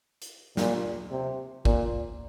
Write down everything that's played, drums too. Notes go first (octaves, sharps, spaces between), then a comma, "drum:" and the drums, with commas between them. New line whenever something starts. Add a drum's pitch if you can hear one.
drum: hi-hat
A#2, drum: snare
C3
A#2, drum: kick